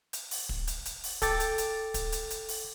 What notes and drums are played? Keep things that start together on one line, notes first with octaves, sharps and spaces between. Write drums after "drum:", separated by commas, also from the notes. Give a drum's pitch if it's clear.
drum: hi-hat
drum: open hi-hat
drum: kick
drum: hi-hat
drum: hi-hat
drum: open hi-hat
A4 G5 D6 A6, drum: kick, hi-hat
drum: hi-hat
drum: hi-hat
drum: kick, hi-hat
drum: hi-hat
drum: hi-hat
drum: open hi-hat